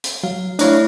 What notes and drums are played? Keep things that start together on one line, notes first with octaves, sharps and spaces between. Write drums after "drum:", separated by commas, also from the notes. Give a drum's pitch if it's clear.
drum: hi-hat
F#3 F5
A3 D4 E4 C#5 F5, drum: hi-hat